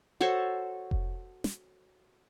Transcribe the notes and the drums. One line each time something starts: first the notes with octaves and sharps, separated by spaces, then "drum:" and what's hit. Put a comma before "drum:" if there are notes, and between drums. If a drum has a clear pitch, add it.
F#4 A4 C5 C#5
drum: kick F1
drum: snare